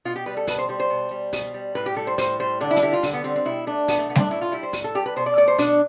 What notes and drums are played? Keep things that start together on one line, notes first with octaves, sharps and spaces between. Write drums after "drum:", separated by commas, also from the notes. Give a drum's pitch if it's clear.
B2 F4
G4
G3 B4
A4
B2 B4, drum: open hi-hat
C5
G3 C5
C5
B2
G3
B2, drum: open hi-hat
G3
A2 B4
G4
G3 A4
C5
A2 C5, drum: open hi-hat
G3 C5
D3 D4
E4
D4, drum: hi-hat
G3 E4
F4
D3, drum: open hi-hat
B3
G3 C4
C4
B2 E4
A3 D4
B2 B3, drum: open hi-hat
A3
A3 B3
C4, drum: snare G3
D4
A2 E4
F4
G3 E4
C5
A2, drum: open hi-hat
A4
G3 G4
B4
B2 C5
D5
A3 D5
C5
B2 D4, drum: open hi-hat